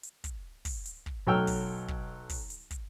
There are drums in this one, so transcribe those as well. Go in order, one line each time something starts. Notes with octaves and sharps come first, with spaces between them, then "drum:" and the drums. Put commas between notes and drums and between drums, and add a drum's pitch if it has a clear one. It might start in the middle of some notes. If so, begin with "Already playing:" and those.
drum: hi-hat
drum: kick, hi-hat
drum: kick, open hi-hat
drum: hi-hat
drum: kick
B1 F#3 A4 G5 E6 F6
drum: kick, open hi-hat
drum: kick
drum: kick, open hi-hat
drum: hi-hat
drum: kick, hi-hat